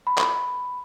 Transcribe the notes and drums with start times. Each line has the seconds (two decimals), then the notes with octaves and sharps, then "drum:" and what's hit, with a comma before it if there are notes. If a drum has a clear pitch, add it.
0.07 B5
0.18 drum: clap